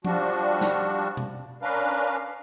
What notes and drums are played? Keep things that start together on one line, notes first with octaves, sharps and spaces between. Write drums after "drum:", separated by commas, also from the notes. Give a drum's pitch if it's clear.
F3 G3 D4 F#4, drum: tom F3
drum: snare
drum: tom B2
C#4 D4 A#4 B4 F5